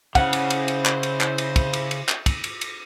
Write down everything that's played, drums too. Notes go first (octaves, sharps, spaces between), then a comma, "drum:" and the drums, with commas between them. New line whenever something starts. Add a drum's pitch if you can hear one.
C#3 E4 C5 F#5, drum: kick, cymbal
drum: cymbal
drum: cymbal
drum: cymbal
drum: clap
drum: cymbal
drum: clap
drum: cymbal
drum: kick, cymbal
drum: cymbal
drum: cymbal
drum: clap
drum: kick, cymbal
drum: cymbal
drum: cymbal